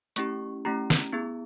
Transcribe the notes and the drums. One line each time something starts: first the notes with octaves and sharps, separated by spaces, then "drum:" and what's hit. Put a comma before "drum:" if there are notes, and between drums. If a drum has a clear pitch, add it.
A3 C#4 E4 G4 C#6, drum: hi-hat
A3 C#4 E4 G4 A#5
drum: snare
B3 E4 G#4